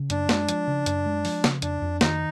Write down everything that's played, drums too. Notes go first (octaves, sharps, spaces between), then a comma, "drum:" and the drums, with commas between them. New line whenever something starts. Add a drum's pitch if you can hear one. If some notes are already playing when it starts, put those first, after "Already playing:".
Already playing: C#3
F#2 D4, drum: hi-hat
G#3, drum: snare
F3, drum: hi-hat
C#3
F#2, drum: hi-hat
G#3
F3, drum: open hi-hat
C#3, drum: snare
F2 D4, drum: hi-hat
F2
D#3 D#4, drum: snare